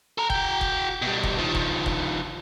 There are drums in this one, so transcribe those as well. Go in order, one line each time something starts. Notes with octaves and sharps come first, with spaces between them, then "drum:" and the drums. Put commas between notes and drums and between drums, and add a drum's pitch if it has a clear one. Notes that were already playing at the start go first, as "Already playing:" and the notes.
A4 A#5
F#4 G5, drum: kick F1
drum: kick F1
B2 G3
drum: kick F1
D#3 F3
drum: kick F1
drum: kick F1